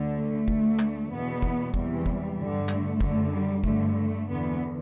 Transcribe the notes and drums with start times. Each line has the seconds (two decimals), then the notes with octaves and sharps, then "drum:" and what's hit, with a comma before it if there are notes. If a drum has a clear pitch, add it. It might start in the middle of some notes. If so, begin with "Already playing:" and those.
Already playing: D2 D3
0.15 A3
0.48 D2 D3, drum: kick
0.79 drum: clap
1.11 E2 B2 B3
1.42 drum: kick
1.74 E2 C3 E3 G3, drum: kick
2.06 drum: kick
2.37 G2 D3
2.69 A3, drum: clap
3.01 F#2 D3, drum: kick
3.32 G3
3.64 G2 D3 A3, drum: kick
3.96 A3
4.27 E2 D3 B3